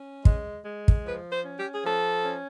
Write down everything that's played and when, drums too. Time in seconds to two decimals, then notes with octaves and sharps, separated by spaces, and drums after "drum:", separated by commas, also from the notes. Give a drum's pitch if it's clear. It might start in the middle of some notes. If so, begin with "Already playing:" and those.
Already playing: C#4
0.25 G#3, drum: kick
0.65 G#3
0.88 drum: kick
1.05 F3 B4
1.32 C5
1.45 C#4
1.58 G4
1.74 G#4
1.85 F3 A4
2.25 C#4